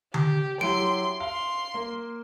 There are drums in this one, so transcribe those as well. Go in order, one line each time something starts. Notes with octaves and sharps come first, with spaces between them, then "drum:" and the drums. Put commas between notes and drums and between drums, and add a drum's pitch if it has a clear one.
G4, drum: tom D3
F#3 E4 G4 C6 D7
F5 C6
A#3